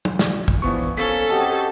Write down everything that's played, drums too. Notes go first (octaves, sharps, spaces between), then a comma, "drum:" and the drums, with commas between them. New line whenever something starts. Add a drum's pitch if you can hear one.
drum: tom
drum: snare
drum: kick
G2 E3 F3 B3 C#6
F3 A#3 C#4 A4 B6
C4 F#4 G4 D#5 A5